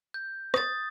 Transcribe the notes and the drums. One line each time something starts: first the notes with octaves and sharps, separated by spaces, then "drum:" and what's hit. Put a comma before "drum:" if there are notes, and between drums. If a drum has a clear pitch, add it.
G6
D#6 A6, drum: rim click